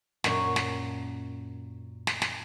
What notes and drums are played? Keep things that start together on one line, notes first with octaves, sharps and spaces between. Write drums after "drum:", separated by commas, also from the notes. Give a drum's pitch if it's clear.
F#2 A#2 F#4, drum: snare
drum: snare
drum: snare
drum: snare